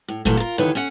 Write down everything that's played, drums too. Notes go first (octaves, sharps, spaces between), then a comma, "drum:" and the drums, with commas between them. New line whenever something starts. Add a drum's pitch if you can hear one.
A2
A#2 E3 F#3 A3 A#3, drum: kick F1
F4 A#4
D#2 D3 E3 D#4 B4 C#5, drum: hi-hat
C#4 F#5